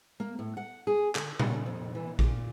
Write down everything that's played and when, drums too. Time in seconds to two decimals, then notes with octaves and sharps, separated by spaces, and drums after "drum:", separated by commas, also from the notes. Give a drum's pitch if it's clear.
0.20 A#3
0.39 A2
0.57 F#5
0.87 G#4
1.15 D3, drum: clap
1.39 C#3, drum: tom A#2
1.66 F2
1.95 E3
2.19 A#2, drum: kick A1